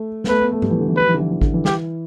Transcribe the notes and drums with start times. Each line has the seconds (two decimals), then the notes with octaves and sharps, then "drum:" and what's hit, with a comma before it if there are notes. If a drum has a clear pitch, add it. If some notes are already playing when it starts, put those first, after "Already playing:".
Already playing: A3
0.24 B3, drum: snare
0.28 A3 B4
0.40 B3
0.52 A3
0.62 G3, drum: tom G#2
0.71 E3
0.80 D3
0.88 E3
0.96 G3 B4
1.08 E3
1.14 D3
1.20 E3
1.31 E3
1.41 D3, drum: kick G#1
1.54 E3
1.65 G4, drum: snare